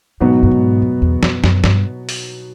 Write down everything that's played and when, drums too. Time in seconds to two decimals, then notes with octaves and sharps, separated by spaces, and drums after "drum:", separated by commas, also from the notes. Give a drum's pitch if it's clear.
0.20 G#2 B2 F#3 B3 D#4 F#4
0.43 G2
0.51 G#2
0.82 F2
1.02 E2
1.23 F2, drum: snare
1.44 F#2, drum: snare
1.64 G2, drum: snare
2.09 drum: open hi-hat